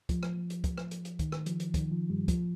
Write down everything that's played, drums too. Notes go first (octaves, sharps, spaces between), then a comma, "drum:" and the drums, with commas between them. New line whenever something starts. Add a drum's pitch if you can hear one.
F3, drum: kick, hi-hat
drum: rim click
drum: hi-hat
drum: kick, hi-hat
drum: rim click
drum: hi-hat
drum: hi-hat
D#3, drum: kick, hi-hat
drum: rim click
F3, drum: hi-hat
drum: hi-hat
D#3, drum: kick, hi-hat
F3
G2 G3
F3, drum: kick, hi-hat